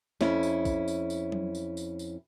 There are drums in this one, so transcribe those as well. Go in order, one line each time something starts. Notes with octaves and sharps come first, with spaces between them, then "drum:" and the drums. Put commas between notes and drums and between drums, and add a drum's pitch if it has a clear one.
F2 C#4 E4, drum: snare
drum: tambourine
drum: kick B1, tambourine
drum: tambourine
drum: tambourine
drum: tom F#3
drum: tambourine
drum: tambourine
drum: tambourine